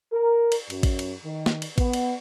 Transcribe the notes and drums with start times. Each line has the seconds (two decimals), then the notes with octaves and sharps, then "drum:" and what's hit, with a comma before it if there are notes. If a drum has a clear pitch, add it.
0.12 A#4
0.52 drum: cymbal
0.70 F#2, drum: cymbal
0.83 drum: kick A1, cymbal
0.99 drum: cymbal
1.24 D#3
1.46 drum: snare
1.62 drum: cymbal
1.78 B3, drum: kick A1, cymbal
1.93 drum: cymbal